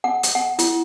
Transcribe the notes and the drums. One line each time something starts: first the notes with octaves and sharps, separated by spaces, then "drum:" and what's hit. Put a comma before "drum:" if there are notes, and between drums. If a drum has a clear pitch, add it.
F#5
drum: hi-hat
F#5
E4, drum: hi-hat